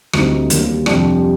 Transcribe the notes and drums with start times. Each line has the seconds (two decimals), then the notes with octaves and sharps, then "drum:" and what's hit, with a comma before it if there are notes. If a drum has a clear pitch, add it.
0.13 D2 D3 G3 C4 D#4, drum: rim click
0.50 D#2 D#3 G3, drum: hi-hat
0.86 F2 C3 G3 D4 G4, drum: rim click